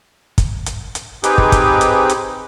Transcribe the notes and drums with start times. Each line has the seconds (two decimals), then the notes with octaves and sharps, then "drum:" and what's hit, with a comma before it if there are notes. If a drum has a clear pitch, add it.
0.38 drum: kick, hi-hat
0.66 drum: hi-hat
0.95 drum: hi-hat
1.24 C4 D#4 G4 G#4 B4 G5, drum: hi-hat
1.38 drum: kick
1.52 drum: kick, hi-hat
1.81 drum: hi-hat
2.10 drum: hi-hat